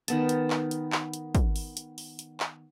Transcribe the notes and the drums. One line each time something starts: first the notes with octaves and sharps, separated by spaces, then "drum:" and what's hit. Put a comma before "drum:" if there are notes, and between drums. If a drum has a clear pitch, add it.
D#3 B3 A5, drum: hi-hat
drum: hi-hat
drum: clap
drum: hi-hat
drum: clap
drum: hi-hat
drum: kick, hi-hat
drum: open hi-hat
drum: hi-hat
drum: open hi-hat
drum: hi-hat
drum: clap